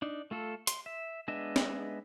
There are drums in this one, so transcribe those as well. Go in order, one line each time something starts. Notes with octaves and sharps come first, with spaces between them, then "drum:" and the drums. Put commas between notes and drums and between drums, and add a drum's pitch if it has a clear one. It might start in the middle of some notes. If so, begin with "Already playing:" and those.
D4 D#4
A3 F4 A4
C6, drum: hi-hat
E5
G#3 B3 D4 D#5 E5
drum: snare